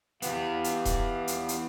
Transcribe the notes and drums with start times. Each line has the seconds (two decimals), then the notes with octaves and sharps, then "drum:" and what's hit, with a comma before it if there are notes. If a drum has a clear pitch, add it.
0.22 E3 B3 G4 F5, drum: hi-hat
0.64 drum: hi-hat
0.85 drum: kick D#1, hi-hat
1.27 drum: hi-hat
1.49 drum: hi-hat